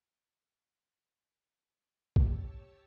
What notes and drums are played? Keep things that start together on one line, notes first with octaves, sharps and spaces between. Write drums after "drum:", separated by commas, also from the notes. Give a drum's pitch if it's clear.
G4 C#5 A5 E6, drum: kick A#1